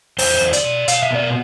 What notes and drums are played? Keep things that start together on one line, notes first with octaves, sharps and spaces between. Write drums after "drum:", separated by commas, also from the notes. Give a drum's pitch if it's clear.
E2 C5, drum: open hi-hat
E2
D5, drum: hi-hat
B2
B2 F5, drum: hi-hat
E5
B3 D5